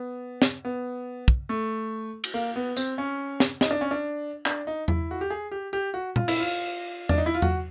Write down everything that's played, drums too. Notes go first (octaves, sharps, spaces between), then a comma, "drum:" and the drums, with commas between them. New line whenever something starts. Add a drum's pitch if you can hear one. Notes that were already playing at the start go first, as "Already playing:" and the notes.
Already playing: B3
drum: snare
B3
drum: kick
A3
drum: cymbal
A#3
B3
C4, drum: tambourine
C#4
drum: snare
D#4, drum: snare
D4
C#4
D4
D4, drum: clap
D#4
E4, drum: tom E2
F#4
G4
G#4
G4
G4
F#4
F4, drum: tom A#2
E4, drum: cymbal
F4
D4, drum: tom E2
D#4
E4
F4
F#4, drum: tom E2